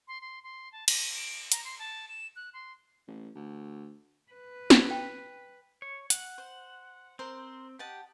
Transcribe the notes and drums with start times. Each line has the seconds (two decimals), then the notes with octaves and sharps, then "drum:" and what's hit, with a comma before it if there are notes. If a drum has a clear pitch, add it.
0.08 C6
0.21 C6
0.43 C6
0.72 A5
0.88 D#7, drum: cymbal
1.15 D7
1.52 A#5, drum: hi-hat
1.65 C6
1.79 A5
2.09 E7
2.36 F#6
2.54 C6
3.08 A1
3.35 D2
4.32 B4
4.70 drum: snare
4.91 G5
5.82 C#5
6.10 F#5, drum: hi-hat
6.38 C5
7.19 C4 A#4 C5
7.79 G4 D#5 F#5 A5